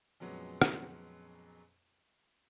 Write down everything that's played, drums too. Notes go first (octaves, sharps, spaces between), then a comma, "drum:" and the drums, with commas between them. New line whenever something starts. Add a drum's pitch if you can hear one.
F2 A#2 F#3 G#3 B3 C#4
drum: rim click